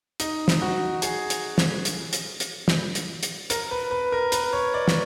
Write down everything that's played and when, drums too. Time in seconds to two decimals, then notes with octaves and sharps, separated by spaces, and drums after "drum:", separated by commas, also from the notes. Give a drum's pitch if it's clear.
0.20 D#4, drum: hi-hat
0.48 drum: snare
0.62 F#4
1.02 G#4, drum: hi-hat
1.30 drum: hi-hat
1.58 drum: snare
1.85 drum: hi-hat
2.13 drum: hi-hat
2.40 drum: hi-hat
2.68 drum: snare
2.95 drum: hi-hat
3.23 drum: hi-hat
3.50 A#4, drum: hi-hat
3.71 B4
3.91 B4
4.12 A#4
4.32 B4, drum: hi-hat
4.53 C#5
4.74 D5
4.88 drum: snare